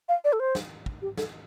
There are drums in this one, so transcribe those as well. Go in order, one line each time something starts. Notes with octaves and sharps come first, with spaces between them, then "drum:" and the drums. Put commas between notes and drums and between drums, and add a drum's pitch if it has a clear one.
F5
D5
A4
C5
drum: snare
drum: kick
G4
A4, drum: snare